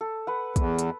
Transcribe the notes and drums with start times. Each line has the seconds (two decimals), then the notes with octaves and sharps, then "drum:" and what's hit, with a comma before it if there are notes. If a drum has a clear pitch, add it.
0.01 A4
0.27 B4 F#5
0.56 E2, drum: kick, hi-hat
0.79 drum: hi-hat